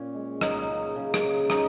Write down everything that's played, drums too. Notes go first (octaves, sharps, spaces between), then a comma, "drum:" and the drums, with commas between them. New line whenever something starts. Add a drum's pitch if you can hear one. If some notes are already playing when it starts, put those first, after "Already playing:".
Already playing: A#2 C#4
G#3
F#3 D#4 D#5, drum: rim click
C#3
C#3
drum: rim click
C#3
F#3 D#4 D#5, drum: rim click